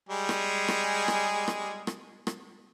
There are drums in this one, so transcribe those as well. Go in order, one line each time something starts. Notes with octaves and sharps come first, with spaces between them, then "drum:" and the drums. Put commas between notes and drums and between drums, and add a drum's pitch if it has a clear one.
G3 G#3 G#4
drum: rim click
drum: rim click
drum: rim click
drum: rim click
drum: rim click
drum: rim click